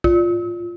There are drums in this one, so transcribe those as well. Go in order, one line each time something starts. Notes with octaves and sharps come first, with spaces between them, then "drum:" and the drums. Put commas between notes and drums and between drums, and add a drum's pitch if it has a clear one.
F4, drum: kick